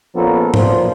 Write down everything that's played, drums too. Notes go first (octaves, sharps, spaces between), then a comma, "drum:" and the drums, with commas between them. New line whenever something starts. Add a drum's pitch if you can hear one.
A#1 F3 B3 C#4 A4 A#4
F#2 A#2 F3 C5, drum: tom G#2